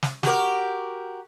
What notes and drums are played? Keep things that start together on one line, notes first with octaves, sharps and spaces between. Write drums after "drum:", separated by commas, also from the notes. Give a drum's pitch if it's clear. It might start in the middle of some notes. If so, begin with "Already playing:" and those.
drum: snare
F#4 G4 A#4, drum: snare